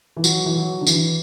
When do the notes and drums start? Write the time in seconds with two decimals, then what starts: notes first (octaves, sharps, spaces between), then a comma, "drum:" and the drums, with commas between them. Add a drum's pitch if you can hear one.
0.17 E3
0.24 F#3, drum: tambourine
0.46 E3
0.56 F#3
0.81 D3
0.87 E3, drum: tambourine